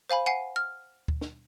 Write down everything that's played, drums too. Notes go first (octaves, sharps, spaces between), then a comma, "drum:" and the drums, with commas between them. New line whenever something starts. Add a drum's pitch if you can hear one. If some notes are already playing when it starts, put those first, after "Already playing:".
C5 F5 G#5 B5
F#5 G#5 C7
F6
drum: kick D2
drum: snare